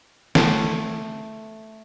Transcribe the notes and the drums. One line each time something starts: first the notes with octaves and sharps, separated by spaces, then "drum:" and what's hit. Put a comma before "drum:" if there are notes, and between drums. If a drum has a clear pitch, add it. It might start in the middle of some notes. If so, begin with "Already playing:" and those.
A3, drum: snare